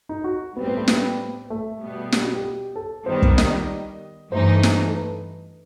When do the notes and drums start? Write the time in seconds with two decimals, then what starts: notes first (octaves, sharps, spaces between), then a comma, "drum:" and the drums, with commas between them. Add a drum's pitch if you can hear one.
0.09 D#4
0.24 F#4
0.56 A2 G3 B3 C4
0.67 B3
0.77 A3
0.88 B3, drum: snare
1.50 A3
1.82 B2 G3 B3
2.12 G4, drum: snare
2.24 F#4
2.35 G4
2.76 A4
3.06 D#3 G3 B3 C5
3.22 drum: kick
3.38 D#5, drum: snare
4.32 G2 E3 A3 D#4 C5
4.63 drum: snare
4.88 A4
4.95 B4